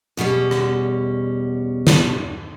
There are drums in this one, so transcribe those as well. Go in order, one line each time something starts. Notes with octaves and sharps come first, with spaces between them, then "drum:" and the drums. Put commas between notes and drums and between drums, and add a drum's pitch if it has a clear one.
E2 B2 G3 C#4
drum: rim click
drum: snare